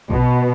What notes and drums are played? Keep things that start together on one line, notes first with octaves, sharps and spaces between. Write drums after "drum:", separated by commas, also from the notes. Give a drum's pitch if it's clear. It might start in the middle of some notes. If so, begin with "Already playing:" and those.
B2, drum: kick A#1